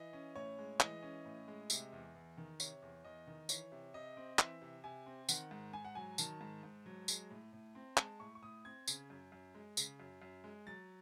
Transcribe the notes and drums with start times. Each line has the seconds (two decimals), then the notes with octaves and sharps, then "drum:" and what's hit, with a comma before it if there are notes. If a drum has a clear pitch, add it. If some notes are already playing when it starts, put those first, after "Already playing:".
Already playing: E3 D#5
0.13 C#4
0.36 A2 C#5
0.58 G#3
0.80 E3 D#5, drum: clap
1.02 C#4
1.25 A2
1.48 G#3
1.70 C3, drum: tambourine
1.92 E2
2.15 E2
2.37 D#3
2.60 C3 C#5, drum: tambourine
2.82 E2
3.04 E2 D#5
3.27 D#3
3.49 E3 C#5, drum: tambourine
3.72 C3
3.94 C3 D#5
4.17 C4
4.39 E3 E5, drum: clap
4.62 C3
4.84 C3 G#5
5.06 C4
5.29 D#3 F#5, drum: tambourine
5.51 G#2
5.73 G#2 G#5
5.85 F#5
5.95 F#3 G#5
6.18 D#3 A5, drum: tambourine
6.41 G#2
6.63 G#2
6.86 F#3
7.08 G#3, drum: tambourine
7.30 A2
7.53 A2
7.75 C4
7.97 G#3 A5, drum: clap
8.20 A2 C#6
8.35 C#6
8.42 A2 D#6
8.65 C4 G#6
8.88 C#3, drum: tambourine
9.10 F#2
9.32 F#2
9.55 G#3
9.77 C#3, drum: tambourine
10.00 F#2
10.22 F#2
10.44 G#3
10.67 F#3 A6